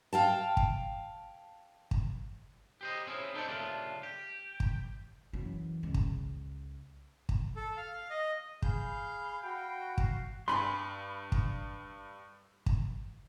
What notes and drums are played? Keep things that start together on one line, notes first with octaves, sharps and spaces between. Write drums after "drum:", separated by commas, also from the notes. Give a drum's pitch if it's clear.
F5 G5 A5
drum: kick
drum: kick
G4 C5 D#5
C4 C#4 E4 F4 G#4
D4 D#4 A4 B4 C5 D5
G2 A#2 C#3 A3 D4 F4
G4
drum: kick
F#2 E3
C#2
drum: kick
drum: kick
A4
F5
D#5
G#4 F5 B5 G6, drum: kick
F#4 F5 G5
drum: kick
G2 G#5 B5 C6
drum: kick
drum: kick